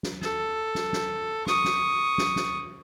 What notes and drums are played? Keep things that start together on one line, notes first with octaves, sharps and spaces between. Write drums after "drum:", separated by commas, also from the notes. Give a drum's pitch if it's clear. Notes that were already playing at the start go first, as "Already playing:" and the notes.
drum: snare
A4, drum: snare
drum: snare
drum: snare
C#6 D#6, drum: snare
drum: snare
drum: snare
drum: snare